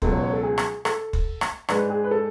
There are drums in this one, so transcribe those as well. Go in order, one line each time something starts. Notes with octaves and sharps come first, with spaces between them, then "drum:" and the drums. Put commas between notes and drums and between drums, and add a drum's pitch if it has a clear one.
C#2 B2 F#3 A4, drum: kick
C#5
C#5
A4
G#4
drum: rim click
A4, drum: rim click
drum: kick
drum: rim click
G#2 G#3 D4 B4, drum: rim click
G#4
B4
A4